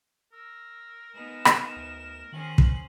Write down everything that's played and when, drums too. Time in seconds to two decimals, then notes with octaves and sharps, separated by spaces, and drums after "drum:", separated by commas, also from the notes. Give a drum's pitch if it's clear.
0.33 A#4 E6
1.14 G#3 B3 D#4 E7
1.45 drum: rim click
1.77 D2
2.32 D#3 C#4 G#4 C5 F#7
2.58 drum: kick